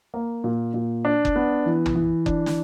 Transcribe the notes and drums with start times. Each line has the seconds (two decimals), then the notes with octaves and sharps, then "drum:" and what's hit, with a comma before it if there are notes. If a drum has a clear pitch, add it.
0.14 A#3
0.44 A#2
0.74 A#2
1.05 D4
1.25 drum: kick F#1
1.36 B3
1.66 E3
1.86 drum: tom
1.95 E3
2.26 D4, drum: kick F#1
2.46 drum: snare